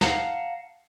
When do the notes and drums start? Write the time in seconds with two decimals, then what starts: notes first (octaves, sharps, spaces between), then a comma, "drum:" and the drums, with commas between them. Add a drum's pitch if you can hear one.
0.01 F5 F#5 A5 A#5, drum: snare